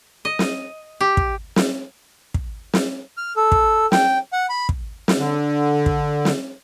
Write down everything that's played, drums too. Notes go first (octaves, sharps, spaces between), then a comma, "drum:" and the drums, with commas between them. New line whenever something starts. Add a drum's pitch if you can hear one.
D#5
drum: snare
G4
drum: kick
drum: snare
drum: kick
drum: snare
F6
A4
drum: kick
G5, drum: snare
F#5
B5
drum: kick
drum: snare
D3
drum: kick
drum: snare